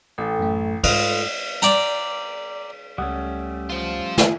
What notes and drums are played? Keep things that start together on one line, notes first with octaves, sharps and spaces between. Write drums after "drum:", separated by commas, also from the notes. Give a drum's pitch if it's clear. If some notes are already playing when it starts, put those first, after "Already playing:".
A1 A4 G5
F#2 A3
G#2 A3 F4 A4 B4 D#6, drum: cymbal
D5 G5 A#5, drum: hi-hat
C#2 G3 A3 C#4 F#5 D#6
F4 C5
drum: snare